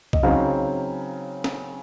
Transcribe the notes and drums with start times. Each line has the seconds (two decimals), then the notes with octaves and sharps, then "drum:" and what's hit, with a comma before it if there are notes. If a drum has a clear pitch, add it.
0.13 D#5, drum: kick
0.23 C#3 F#3 C4 D#4 F5
1.44 drum: snare